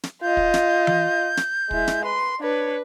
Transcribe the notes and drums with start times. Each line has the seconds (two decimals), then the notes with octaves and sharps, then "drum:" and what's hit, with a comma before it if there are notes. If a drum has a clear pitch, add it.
0.03 drum: snare
0.22 F4 D#5 G6
0.37 drum: kick
0.54 drum: snare
0.87 drum: tom E3
1.37 drum: snare
1.71 G#3 E4, drum: kick
1.87 drum: snare
2.04 B4 C6
2.41 D4 B4 C#5